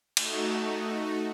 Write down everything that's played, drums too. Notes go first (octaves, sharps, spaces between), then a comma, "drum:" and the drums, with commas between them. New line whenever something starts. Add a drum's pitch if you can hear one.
A3 D#4 F#4, drum: cymbal